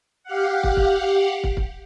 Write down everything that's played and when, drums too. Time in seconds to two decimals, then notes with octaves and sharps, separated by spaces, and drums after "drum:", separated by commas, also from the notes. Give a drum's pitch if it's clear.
0.24 G4 F5 F#5
0.64 drum: kick
0.77 drum: kick
1.44 drum: kick
1.57 drum: kick